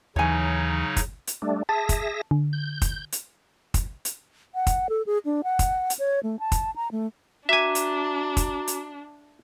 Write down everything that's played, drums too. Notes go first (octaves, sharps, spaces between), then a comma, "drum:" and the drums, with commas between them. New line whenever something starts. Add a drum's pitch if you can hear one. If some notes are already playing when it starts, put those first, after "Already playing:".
D#2 C#3 E3 F#3 D#4 C#5 G#5
drum: kick, hi-hat
drum: hi-hat
G3 A3 D4
G#4 E5 A5 A#6
drum: kick, hi-hat
D3
G6
drum: kick, hi-hat
drum: hi-hat
drum: kick, hi-hat
drum: hi-hat
F#5
drum: kick, hi-hat
A4
G#4
D4
F#5
drum: kick, hi-hat
drum: hi-hat
C#5
A3
A5
drum: kick, hi-hat
A#5
A3
D4 F#4 E5 G#5 A#5 D6
drum: hi-hat
drum: kick, hi-hat
drum: hi-hat